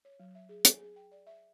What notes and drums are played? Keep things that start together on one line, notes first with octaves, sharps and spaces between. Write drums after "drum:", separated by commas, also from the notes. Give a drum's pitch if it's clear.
C#5
F#3
E5
G#4
G#5, drum: hi-hat
G#4
G5
D5
E5